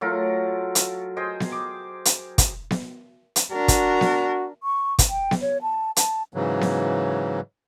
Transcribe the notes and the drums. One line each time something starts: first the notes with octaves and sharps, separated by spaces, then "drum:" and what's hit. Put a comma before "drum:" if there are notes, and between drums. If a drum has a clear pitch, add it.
F#3 A3 F4 A#4
drum: hi-hat
G#4 C5 D#5 G5
drum: snare B3
D6
drum: hi-hat
drum: kick, hi-hat
drum: snare B3
drum: hi-hat
D4 F#4 A#4
drum: kick, hi-hat
drum: snare B3
C#6
drum: kick, hi-hat
G5
drum: snare B3
C#5
A5
A5, drum: hi-hat
G#2 C#3 E3 F#3
drum: snare B3